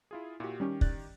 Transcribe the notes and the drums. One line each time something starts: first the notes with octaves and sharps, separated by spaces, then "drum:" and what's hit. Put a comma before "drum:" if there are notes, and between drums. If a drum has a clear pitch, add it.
E4 F4 G#4
A#2 E4 F#4 G4
D#3 G3 C#4 G4 C#6
D5 F#6 A6, drum: kick